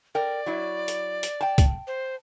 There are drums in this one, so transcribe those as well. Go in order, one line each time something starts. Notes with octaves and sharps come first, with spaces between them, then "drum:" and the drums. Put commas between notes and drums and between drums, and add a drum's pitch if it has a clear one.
A#4 D5 G5
F#3 E4
drum: hi-hat
drum: hi-hat
G5 A5
drum: kick, hi-hat
C5